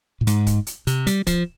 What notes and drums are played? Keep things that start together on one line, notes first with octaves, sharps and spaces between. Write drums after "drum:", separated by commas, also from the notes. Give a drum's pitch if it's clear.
A#2
G#2, drum: hi-hat
drum: kick, hi-hat
drum: hi-hat
C3, drum: hi-hat
G3, drum: hi-hat
F3, drum: kick, hi-hat